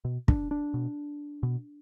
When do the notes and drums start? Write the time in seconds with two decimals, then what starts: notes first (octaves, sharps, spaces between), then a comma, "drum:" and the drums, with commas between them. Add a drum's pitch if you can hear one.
0.05 B2
0.28 D4, drum: kick
0.51 D4
0.74 B2
1.43 B2